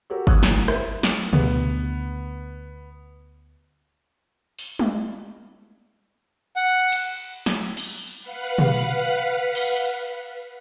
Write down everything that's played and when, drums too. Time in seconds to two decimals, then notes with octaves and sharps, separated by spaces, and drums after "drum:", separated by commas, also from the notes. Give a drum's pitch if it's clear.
0.10 F#4 G4 A4 A#4 C#5
0.27 C#6 D#6 E6 F#6 G#6, drum: kick G1
0.43 A1 D#2, drum: snare
0.55 C2
0.68 E4 B4 C5, drum: rim click
1.03 drum: snare
1.33 D2 B3, drum: tom B2
4.59 drum: open hi-hat
4.79 drum: tom G3
6.56 F#5
6.92 drum: cymbal
7.46 drum: snare
7.77 drum: cymbal
8.21 B4 F5 F#5 B5
8.58 drum: tom B2
9.55 drum: cymbal